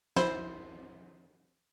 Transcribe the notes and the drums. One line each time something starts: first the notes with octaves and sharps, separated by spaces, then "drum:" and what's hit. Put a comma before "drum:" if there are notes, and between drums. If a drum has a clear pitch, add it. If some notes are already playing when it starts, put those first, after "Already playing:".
E4 C5, drum: snare